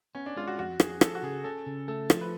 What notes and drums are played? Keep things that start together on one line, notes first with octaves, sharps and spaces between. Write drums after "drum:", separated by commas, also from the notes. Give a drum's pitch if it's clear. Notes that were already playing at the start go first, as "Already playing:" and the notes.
B3 C#4
D4
G#3 F4
F#4
F2 F#4
F2 G#4, drum: rim click
F3 A4, drum: rim click
F#4
C#3 G#4
C#4 A4
C#3
A3 A4
F3, drum: rim click
B4